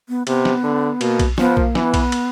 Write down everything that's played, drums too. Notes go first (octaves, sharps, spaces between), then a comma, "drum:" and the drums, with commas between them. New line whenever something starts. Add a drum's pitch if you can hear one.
B3
C3 B3, drum: cymbal
drum: snare
D3
B2 A#3, drum: cymbal
drum: kick B1, cymbal
F3 B3, drum: snare
A#3, drum: kick B1
E3 B3, drum: snare
drum: kick B1, cymbal
drum: cymbal